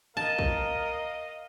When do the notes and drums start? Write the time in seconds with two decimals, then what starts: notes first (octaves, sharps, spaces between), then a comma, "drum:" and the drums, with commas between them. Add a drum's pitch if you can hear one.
0.17 A#4 D#5 F5 A5
0.39 drum: kick